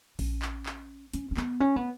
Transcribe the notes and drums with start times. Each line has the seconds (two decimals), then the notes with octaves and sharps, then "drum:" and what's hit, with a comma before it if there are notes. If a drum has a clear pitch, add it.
0.19 C#4, drum: kick A#1, open hi-hat
0.42 drum: clap
0.66 drum: clap
1.13 C#4, drum: hi-hat
1.31 C#4
1.37 B3, drum: clap
1.60 C#4
1.76 B3